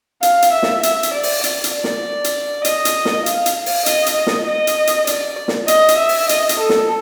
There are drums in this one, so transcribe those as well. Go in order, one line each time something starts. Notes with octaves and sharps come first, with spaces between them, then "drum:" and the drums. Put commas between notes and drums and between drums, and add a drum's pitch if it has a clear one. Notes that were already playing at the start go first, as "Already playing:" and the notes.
F5, drum: hi-hat
drum: hi-hat
E5
drum: snare
E5, drum: hi-hat
drum: hi-hat
D5
drum: open hi-hat
D5, drum: hi-hat
drum: hi-hat
D5
drum: snare
drum: hi-hat
D#5, drum: hi-hat
drum: hi-hat
drum: snare
F5, drum: hi-hat
drum: hi-hat
F5
drum: open hi-hat
D#5, drum: hi-hat
drum: hi-hat
D#5
drum: snare
D#5
drum: hi-hat
drum: hi-hat
D5, drum: hi-hat
drum: snare
D#5, drum: hi-hat
drum: hi-hat
E5
drum: open hi-hat
D#5, drum: hi-hat
drum: hi-hat
A4
drum: snare